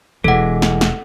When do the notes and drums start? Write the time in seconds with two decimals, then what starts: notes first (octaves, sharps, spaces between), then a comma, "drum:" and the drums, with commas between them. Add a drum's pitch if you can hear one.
0.24 E1 E3 G#3 A4 F#5
0.62 drum: snare
0.81 drum: snare